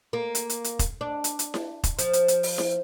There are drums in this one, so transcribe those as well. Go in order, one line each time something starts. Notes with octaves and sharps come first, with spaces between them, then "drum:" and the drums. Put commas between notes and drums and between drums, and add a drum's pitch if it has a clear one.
A#3
drum: hi-hat
drum: hi-hat
drum: hi-hat
drum: kick, hi-hat
D4
drum: hi-hat
drum: hi-hat
drum: snare E4
drum: kick, hi-hat
F3, drum: hi-hat
drum: hi-hat
drum: hi-hat
drum: open hi-hat
drum: snare E4